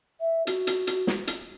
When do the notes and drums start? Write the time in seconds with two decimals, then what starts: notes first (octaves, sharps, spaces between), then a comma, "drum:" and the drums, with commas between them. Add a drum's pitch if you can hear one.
0.21 E5
0.47 F#4, drum: hi-hat
0.67 drum: hi-hat
0.87 drum: hi-hat
1.07 drum: snare
1.27 drum: hi-hat